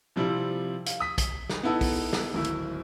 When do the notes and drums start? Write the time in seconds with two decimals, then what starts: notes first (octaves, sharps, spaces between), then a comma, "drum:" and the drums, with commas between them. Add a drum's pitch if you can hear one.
0.16 C3 F3 G3 C4 E4
0.86 F5, drum: hi-hat
1.00 D#6 B6
1.18 drum: kick, hi-hat
1.50 drum: snare
1.63 B3 D#4 E4 A4
1.81 drum: kick, open hi-hat
2.13 drum: snare
2.34 D1 G#1 E4
2.44 drum: hi-hat